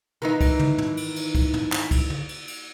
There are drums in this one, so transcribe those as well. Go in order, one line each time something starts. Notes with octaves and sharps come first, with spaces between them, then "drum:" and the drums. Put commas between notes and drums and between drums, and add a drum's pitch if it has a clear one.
D#3 E3 D#4
drum: kick, cymbal
drum: tom
drum: tom
drum: cymbal
drum: cymbal
drum: kick, cymbal
drum: tom
drum: clap
drum: kick, cymbal
drum: tom
drum: cymbal
drum: cymbal